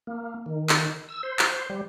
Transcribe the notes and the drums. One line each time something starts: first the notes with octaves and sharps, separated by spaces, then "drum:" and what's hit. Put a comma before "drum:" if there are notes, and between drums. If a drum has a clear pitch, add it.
A#3
D#3
drum: clap
E6
C5
drum: clap
G3